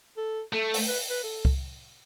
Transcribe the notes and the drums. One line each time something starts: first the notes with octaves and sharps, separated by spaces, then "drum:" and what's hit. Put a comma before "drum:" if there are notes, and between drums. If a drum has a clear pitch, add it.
A4
A3 A4
drum: open hi-hat
B4
B4
A4
drum: kick C2